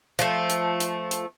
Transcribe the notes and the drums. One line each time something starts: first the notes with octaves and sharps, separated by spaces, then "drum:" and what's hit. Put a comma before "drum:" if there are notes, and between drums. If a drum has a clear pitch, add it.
F3 A3, drum: hi-hat
drum: hi-hat
drum: hi-hat
drum: hi-hat